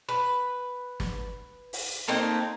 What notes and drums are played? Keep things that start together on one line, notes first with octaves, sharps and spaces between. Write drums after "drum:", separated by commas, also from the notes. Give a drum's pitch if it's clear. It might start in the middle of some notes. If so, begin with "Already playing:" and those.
B4
drum: snare
drum: open hi-hat
A3 A#3 C4 D#4